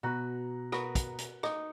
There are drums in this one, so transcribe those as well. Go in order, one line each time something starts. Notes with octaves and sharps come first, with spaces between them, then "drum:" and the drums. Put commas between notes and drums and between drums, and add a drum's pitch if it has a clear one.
B2 F#4 B4 A#5 F#6
F#4 A#4 B4, drum: rim click
drum: kick, hi-hat
drum: hi-hat
D#4, drum: rim click